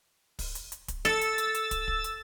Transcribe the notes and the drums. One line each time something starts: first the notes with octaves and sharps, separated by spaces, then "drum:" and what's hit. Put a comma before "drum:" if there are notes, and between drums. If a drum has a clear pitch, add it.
drum: kick, open hi-hat
drum: hi-hat
drum: hi-hat
drum: kick, hi-hat
A4 E6 A6, drum: snare
drum: hi-hat
drum: hi-hat
drum: hi-hat
drum: kick, hi-hat
drum: kick
drum: hi-hat